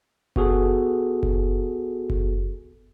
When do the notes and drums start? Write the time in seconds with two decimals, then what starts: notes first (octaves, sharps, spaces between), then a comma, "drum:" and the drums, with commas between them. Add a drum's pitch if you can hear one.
0.36 B3 F#4 G#4 A4, drum: kick F#1
1.23 drum: kick F#1
2.10 drum: kick F#1